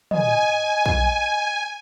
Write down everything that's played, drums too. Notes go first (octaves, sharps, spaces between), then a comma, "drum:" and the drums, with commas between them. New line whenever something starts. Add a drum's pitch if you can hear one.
D#5 G#5, drum: tom
drum: kick